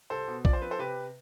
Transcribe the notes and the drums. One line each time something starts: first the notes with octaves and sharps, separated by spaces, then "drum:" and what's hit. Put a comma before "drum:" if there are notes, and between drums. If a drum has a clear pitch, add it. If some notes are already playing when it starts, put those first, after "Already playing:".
C2 A4 C5
B2
F3 D5, drum: kick A#1
C5
C4 B4
A4 C5
C3 G4 B4